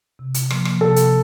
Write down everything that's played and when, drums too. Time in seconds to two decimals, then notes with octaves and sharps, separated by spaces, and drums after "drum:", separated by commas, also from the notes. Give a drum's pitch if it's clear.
0.19 C3
0.34 drum: hi-hat
0.50 F3 A#3, drum: rim click
0.65 drum: rim click
0.81 C3 A4
0.96 drum: hi-hat